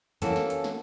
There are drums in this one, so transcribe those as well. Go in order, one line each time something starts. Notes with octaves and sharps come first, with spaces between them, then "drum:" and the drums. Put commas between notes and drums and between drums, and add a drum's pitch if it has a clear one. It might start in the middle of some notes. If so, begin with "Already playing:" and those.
E3 A#3 C#4 F#4 A4, drum: hi-hat
drum: snare
drum: hi-hat
drum: snare